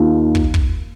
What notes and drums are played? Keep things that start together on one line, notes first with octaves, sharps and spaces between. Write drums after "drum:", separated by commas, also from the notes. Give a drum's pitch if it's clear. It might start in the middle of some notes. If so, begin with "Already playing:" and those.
Already playing: D#2 D#3 A#3 F4
drum: kick
drum: kick